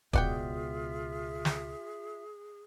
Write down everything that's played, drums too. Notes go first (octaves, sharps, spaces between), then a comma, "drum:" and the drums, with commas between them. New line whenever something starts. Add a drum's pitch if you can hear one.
C#2 B2 F4 G#4 D5 E5 F#5 G5, drum: kick
drum: snare